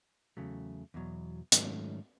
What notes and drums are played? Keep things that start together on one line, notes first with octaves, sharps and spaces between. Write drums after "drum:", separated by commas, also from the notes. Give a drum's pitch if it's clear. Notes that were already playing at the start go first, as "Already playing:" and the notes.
E2 C#3 F#3 A3
E2 B2 F#3
G#2 D#3 F#3 A3 C#4, drum: hi-hat